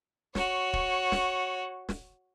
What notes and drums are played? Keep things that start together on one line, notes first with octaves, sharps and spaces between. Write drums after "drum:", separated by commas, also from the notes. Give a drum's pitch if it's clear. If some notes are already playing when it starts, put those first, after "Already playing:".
F#4 C#5, drum: snare
drum: kick
drum: snare
drum: snare